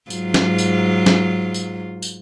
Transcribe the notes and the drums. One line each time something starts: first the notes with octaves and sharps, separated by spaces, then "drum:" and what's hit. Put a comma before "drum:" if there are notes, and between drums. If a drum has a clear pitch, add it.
G#2 F#3 F4, drum: tambourine
drum: snare
drum: tambourine
drum: snare
drum: tambourine
drum: tambourine